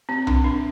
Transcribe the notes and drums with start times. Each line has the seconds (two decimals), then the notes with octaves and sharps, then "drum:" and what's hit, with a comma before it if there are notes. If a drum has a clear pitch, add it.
0.09 C4
0.27 D4, drum: tom B1
0.44 D4